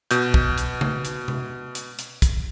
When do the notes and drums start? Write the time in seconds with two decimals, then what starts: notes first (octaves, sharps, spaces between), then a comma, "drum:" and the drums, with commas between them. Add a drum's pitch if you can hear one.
0.11 B2 G6, drum: hi-hat
0.34 drum: kick
0.58 drum: hi-hat
0.81 drum: tom C#3
1.05 drum: hi-hat
1.28 drum: tom C3
1.75 drum: hi-hat
1.99 drum: hi-hat
2.22 drum: kick, hi-hat